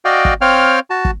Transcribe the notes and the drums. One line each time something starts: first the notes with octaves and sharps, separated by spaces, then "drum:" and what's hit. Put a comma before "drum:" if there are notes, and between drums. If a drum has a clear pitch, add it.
F#4 D5 D#5 F5 G5
drum: kick
C4 C#5 F5 G5 F6
F#4 A5
drum: kick